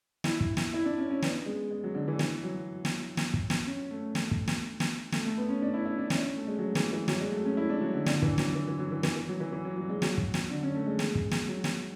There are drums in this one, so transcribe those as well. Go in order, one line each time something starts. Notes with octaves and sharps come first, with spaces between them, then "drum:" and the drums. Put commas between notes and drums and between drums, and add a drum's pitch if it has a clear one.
E4, drum: snare
drum: kick
drum: snare
E4
D4
C#4
C#4
B3, drum: snare
G#3
G#3
F#3
D3
E3
E3, drum: snare
F#3
drum: snare
drum: snare
drum: kick
drum: snare
C#4
A3
drum: snare
drum: kick
drum: snare
drum: snare
A3, drum: snare
A3
B3
C#4
D4
E4
E4
D4
C#4, drum: snare
A3
G#3
F#3
E3, drum: snare
E3
F#3, drum: snare
G#3
A3
C#4
E4
D4
F#3
D3
D3, drum: snare
E3, drum: kick
F#3, drum: snare
E3
E3
F#3
E3
E3, drum: snare
E3
F#3
E3
E3
F#3
F#3
G#3
F#3, drum: snare
drum: kick
drum: snare
D3
C#4
A3
G#3
drum: snare
drum: kick
drum: snare
F#3
drum: snare